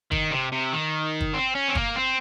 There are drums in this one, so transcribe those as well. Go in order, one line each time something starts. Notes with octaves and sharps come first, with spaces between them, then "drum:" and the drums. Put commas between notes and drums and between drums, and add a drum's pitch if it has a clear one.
D#3, drum: kick
C3
C3
D#3
drum: kick
C4
C#4
C4
A#3, drum: kick
C4